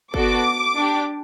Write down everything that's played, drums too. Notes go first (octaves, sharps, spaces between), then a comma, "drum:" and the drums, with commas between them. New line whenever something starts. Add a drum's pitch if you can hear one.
B3 D4 F#4 A4 D6, drum: kick
D4 G4